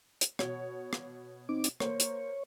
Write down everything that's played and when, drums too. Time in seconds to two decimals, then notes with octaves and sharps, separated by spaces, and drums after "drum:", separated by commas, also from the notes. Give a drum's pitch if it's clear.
0.21 drum: hi-hat
0.39 B2 C#5, drum: rim click
0.93 drum: rim click
1.49 C4 D#4 D6
1.64 drum: hi-hat
1.80 A#3 C5 C#5, drum: rim click
2.00 drum: hi-hat